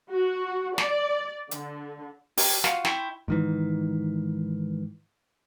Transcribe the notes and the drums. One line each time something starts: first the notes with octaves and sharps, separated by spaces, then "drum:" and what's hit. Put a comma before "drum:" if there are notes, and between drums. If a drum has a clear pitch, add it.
F#4
D5, drum: snare
D3, drum: hi-hat
G4 C#5, drum: open hi-hat
F4 F#4 F5, drum: snare
E4 G5 C6 C#6, drum: snare
G#2 D#3 E3